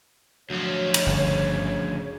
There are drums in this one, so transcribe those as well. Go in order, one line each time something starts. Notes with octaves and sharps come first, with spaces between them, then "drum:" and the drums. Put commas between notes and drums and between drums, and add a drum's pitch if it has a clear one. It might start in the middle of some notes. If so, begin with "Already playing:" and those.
D2 F3 F#3 C#5
drum: cymbal
G1 C#3